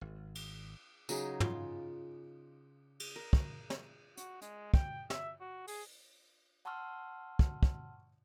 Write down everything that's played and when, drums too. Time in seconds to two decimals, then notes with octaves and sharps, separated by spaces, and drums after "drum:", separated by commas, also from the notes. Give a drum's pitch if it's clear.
0.01 G#1
0.35 drum: cymbal
1.09 C#3 F#3 D#4 G#4, drum: tambourine
1.40 F4, drum: tom
3.00 drum: cymbal
3.16 A#4
3.33 drum: kick
3.70 drum: snare
4.17 F#4, drum: hi-hat
4.42 G#3, drum: hi-hat
4.74 G5, drum: kick
5.10 E5, drum: snare
5.41 F#4
5.68 G#4, drum: open hi-hat
6.65 F#5 A5 C6 C#6 E6 F6
7.39 drum: kick
7.63 drum: kick